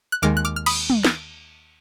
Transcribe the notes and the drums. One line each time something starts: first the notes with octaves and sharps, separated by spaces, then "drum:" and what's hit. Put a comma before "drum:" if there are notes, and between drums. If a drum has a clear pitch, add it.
F#6
D#2 D#3 G#3 D6 F6
F#6
D6 F6
F6
B5 D#6, drum: cymbal
drum: tom
drum: snare